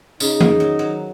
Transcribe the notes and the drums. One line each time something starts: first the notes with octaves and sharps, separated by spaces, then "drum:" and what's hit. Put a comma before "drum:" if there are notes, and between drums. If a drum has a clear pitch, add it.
C#3 D#4, drum: tambourine
D#3, drum: tom E3
F#3
F#3